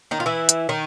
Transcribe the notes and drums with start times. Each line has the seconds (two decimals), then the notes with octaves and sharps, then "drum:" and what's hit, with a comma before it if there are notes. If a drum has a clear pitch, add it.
0.11 D#3 D#4
0.20 F4
0.26 E3 E4
0.49 drum: hi-hat
0.69 D#3 D#4